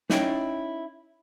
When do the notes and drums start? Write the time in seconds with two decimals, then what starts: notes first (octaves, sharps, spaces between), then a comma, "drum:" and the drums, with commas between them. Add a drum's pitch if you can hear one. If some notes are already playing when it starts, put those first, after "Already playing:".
0.10 C#4 D#4 E4 C#5 G5, drum: snare